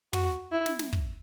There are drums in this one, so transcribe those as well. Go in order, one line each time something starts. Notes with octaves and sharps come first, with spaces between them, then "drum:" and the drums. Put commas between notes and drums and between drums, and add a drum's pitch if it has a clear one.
F#4, drum: tom
E4
drum: snare
drum: snare
drum: kick